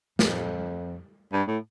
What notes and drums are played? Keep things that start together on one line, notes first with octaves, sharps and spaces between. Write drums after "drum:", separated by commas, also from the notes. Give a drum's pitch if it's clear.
F2, drum: snare
G2
A2